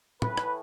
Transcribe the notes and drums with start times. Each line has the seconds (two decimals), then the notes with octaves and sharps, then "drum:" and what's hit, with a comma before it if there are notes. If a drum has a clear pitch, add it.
0.22 A2 E3 A3 B4, drum: tom
0.38 drum: rim click